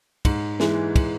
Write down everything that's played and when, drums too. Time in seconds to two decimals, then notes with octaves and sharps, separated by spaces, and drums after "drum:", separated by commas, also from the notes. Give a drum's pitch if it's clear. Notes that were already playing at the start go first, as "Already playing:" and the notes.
0.25 G#2, drum: kick, cymbal
0.60 E3 G#3, drum: snare
0.96 drum: kick, cymbal